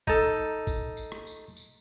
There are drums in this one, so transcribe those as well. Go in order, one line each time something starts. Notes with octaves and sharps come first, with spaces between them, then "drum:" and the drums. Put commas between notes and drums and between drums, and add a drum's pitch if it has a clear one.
D#4 A4, drum: kick A1
drum: kick A1, tambourine
drum: tambourine
drum: rim click
drum: tambourine
drum: tambourine